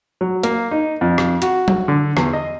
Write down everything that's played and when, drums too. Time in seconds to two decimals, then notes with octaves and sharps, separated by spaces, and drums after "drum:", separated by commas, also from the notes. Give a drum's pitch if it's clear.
0.21 F#3
0.43 A#3, drum: hi-hat
0.71 D#4
1.01 F2
1.18 drum: rim click
1.42 F#4, drum: hi-hat
1.68 drum: tom F#3
1.88 D3
2.17 E2, drum: rim click
2.33 D#5